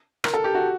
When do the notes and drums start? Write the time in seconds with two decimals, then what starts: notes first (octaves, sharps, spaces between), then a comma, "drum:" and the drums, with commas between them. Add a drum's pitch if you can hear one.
0.24 A#4, drum: rim click
0.34 A4
0.44 G4
0.55 F#4